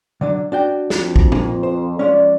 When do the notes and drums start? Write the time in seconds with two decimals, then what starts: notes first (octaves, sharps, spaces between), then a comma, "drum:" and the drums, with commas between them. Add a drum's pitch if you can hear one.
0.21 D3 F#3 D4
0.52 D4 F#4 G5
0.90 F2, drum: snare
1.16 drum: kick
1.32 A#3, drum: tom
1.63 C5
1.99 F3 G#3 C#4 D5